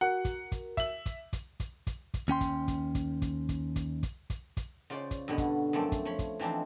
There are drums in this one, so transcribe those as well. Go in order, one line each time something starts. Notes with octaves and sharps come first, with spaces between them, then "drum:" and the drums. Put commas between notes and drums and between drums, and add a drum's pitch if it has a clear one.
F#4 A#4 F#5
drum: kick, hi-hat
drum: kick, hi-hat
E5 F#7, drum: kick, hi-hat
drum: kick, hi-hat
drum: kick, hi-hat
drum: kick, hi-hat
drum: kick, hi-hat
drum: kick, hi-hat
D#2 C#4 G5 C6
drum: kick, hi-hat
drum: kick, hi-hat
drum: kick, hi-hat
drum: kick, hi-hat
drum: kick, hi-hat
drum: kick, hi-hat
drum: kick, hi-hat
drum: kick, hi-hat
drum: kick, hi-hat
C#3 F4 C5 D5
drum: kick, hi-hat
G2 B2 D3 B3
drum: kick, hi-hat
F#2 F3 A3 C4 D5
drum: kick, hi-hat
F3 C#5 B5
drum: kick, hi-hat
E3 F3 C4 D4 D#4